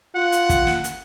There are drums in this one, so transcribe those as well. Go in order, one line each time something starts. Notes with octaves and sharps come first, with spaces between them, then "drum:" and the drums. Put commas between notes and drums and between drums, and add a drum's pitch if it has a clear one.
F4 F#5
drum: hi-hat
drum: kick, hi-hat
drum: snare
drum: hi-hat